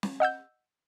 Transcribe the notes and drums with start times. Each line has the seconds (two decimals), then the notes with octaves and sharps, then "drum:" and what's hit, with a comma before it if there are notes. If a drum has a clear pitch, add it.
0.03 drum: snare
0.20 D#5 F#5 E6 G6